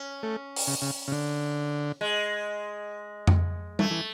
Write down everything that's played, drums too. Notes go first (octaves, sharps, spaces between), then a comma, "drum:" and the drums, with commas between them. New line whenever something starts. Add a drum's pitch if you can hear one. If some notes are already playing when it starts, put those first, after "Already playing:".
Already playing: C#4
A3
drum: open hi-hat
C#3
C#3
C#3
D3
G#3
drum: tom F2
E3 A3, drum: tom G3
E3